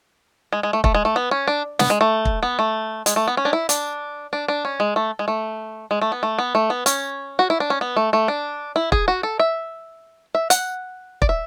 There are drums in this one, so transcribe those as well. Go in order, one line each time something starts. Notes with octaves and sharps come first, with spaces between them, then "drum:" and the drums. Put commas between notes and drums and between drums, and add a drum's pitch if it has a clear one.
G#3
G#3
A3
A3, drum: kick
G#3
A3
B3
C#4
D4
B3, drum: snare
G#3
A3
drum: kick
B3
A3
G#3, drum: hi-hat
A3
B3
C#4
D4
E4
D4, drum: hi-hat
D4
D4
C#4
G#3
A3
G#3
A3
G#3
A3
B3
A3
B3
A3
B3
C#4, drum: hi-hat
F#4
E4
D4
C#4
B3
A3
A3
D4
E4
G#4, drum: kick
F#4
A4
E5
E5
F#5, drum: hi-hat
D5, drum: kick
E5